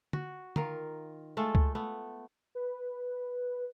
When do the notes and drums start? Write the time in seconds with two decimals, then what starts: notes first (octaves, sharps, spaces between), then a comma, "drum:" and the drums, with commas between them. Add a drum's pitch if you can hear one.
0.13 F#4, drum: tom
0.56 D#3 F4 A#4, drum: tom
1.37 G#3 A3 F4 A4
1.55 drum: kick C#2
1.75 A3 B3
2.55 B4